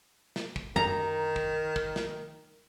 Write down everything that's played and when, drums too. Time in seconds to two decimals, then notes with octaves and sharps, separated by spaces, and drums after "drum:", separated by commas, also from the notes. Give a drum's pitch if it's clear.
0.36 drum: snare
0.56 drum: kick
0.76 F#2 D#3 A#5
1.36 drum: kick
1.76 drum: kick
1.96 drum: snare